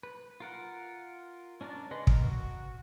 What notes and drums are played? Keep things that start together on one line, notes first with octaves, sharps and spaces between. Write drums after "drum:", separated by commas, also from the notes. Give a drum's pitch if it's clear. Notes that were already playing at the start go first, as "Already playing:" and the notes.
B4
F4 A#4 F#5
C#4 D4 A#4 D5
C#3 C#4 B4 D#5 C6
A#4, drum: kick
F#4